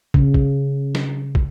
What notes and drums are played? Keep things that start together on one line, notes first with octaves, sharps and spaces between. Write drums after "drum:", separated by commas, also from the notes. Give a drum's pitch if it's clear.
C#3, drum: kick
drum: kick
drum: snare
drum: kick